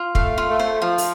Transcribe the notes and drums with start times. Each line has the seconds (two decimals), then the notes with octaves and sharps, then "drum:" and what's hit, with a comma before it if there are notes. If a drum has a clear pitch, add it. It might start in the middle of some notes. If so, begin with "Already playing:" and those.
Already playing: F4
0.15 A3 F5, drum: kick
0.38 F4
0.49 A3
0.59 C5
0.81 F3 F4
0.98 drum: open hi-hat